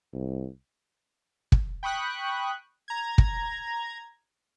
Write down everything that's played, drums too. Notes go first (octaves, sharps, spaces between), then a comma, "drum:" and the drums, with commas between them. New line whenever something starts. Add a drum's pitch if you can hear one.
C2
drum: kick
G5 B5 C#6 D#6 F#6
A#5 G#6
drum: kick